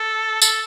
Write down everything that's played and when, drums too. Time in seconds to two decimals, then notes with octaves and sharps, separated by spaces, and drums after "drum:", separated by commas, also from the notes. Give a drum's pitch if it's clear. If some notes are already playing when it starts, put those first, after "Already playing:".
Already playing: A4
0.42 A4, drum: tambourine